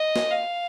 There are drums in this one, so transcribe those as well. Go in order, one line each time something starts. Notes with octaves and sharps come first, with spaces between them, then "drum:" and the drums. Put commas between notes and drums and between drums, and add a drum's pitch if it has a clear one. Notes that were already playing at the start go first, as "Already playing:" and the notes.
Already playing: D#5
drum: snare
F5